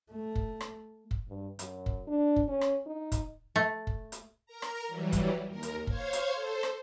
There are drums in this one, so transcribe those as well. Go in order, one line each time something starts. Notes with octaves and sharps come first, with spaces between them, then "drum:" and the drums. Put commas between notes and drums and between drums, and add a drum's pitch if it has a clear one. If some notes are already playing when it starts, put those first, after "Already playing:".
A3
drum: kick
drum: rim click
drum: kick
G2
F#2, drum: hi-hat
drum: kick
D4
drum: kick
C#4
drum: rim click
D#4
drum: kick, hi-hat
A3
drum: kick
drum: hi-hat
A#4 A#5
drum: rim click
E3 F#3 G3
drum: kick, hi-hat
D#2 A#4
drum: hi-hat
C5 C#5 F5 G#6, drum: kick
drum: hi-hat
A4 C5
drum: rim click